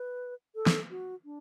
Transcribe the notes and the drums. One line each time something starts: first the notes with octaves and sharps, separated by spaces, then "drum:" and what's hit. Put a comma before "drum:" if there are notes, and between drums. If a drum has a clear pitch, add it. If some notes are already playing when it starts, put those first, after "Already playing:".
Already playing: B4
A4
drum: snare
F#4
D4